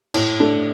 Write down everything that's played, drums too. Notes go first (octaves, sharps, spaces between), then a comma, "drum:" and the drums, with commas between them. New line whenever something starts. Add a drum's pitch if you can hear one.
A2, drum: cymbal
A3 D4